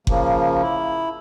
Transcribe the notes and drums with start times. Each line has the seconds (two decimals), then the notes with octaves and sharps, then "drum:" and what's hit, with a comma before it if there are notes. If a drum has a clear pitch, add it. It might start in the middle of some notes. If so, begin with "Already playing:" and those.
0.07 C#3 F3 A#3, drum: kick F#1
0.62 E4